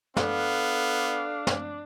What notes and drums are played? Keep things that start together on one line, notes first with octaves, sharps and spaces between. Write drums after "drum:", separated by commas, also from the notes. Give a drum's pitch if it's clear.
B3 D4 A4 F5, drum: snare
drum: snare